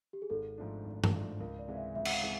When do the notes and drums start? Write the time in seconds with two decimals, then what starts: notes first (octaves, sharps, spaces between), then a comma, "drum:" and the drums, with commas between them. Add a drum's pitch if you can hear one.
0.13 G4
0.22 G#4
0.30 G#1 A4
0.58 G#2 F3 A3 D4
0.85 G#1
1.04 drum: tom G2
1.13 G#2 F3 A3 D4
1.40 C#2 A#4
1.59 D5
1.68 C3 E3 G#3 F5
1.77 E5
1.95 C#2 E5
2.05 F#5, drum: cymbal
2.14 F5
2.23 C3 E3 G#3